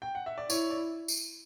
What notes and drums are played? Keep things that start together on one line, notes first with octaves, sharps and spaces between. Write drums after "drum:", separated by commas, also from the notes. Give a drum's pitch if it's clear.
G5
F#5
E5
D5
E4 C#5, drum: tambourine
D5
drum: tambourine